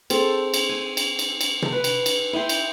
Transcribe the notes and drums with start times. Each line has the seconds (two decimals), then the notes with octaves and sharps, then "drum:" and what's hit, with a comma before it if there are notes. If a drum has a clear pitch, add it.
0.10 C4 G#4 A4, drum: cymbal
0.54 drum: cymbal
0.69 G#5
0.97 drum: cymbal
1.19 drum: cymbal
1.41 drum: cymbal
1.62 drum: tom
1.72 B4
1.84 drum: cymbal
2.06 drum: cymbal
2.33 E4 D#5 G5 C6
2.49 drum: cymbal